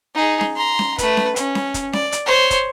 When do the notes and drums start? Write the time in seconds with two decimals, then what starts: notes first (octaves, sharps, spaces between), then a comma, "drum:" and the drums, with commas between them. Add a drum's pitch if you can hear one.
0.15 D#4 G#4
0.41 drum: snare C#4
0.56 A#5 C6
0.79 drum: snare C#4
0.98 A3 B4, drum: kick, hi-hat
1.17 drum: snare C#4
1.36 C#4, drum: hi-hat
1.55 drum: snare C#4
1.74 drum: kick, hi-hat
1.93 D5, drum: snare C#4
2.12 drum: hi-hat
2.26 C5 C#5
2.51 drum: kick, hi-hat